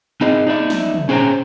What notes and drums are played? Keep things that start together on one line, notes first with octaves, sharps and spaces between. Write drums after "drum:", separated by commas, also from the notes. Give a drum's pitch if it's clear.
C4 D#4 G#4 D#5
D#4 D5 E5
drum: snare
drum: tom
C#4 G#4 C5 D#5 G5 A#5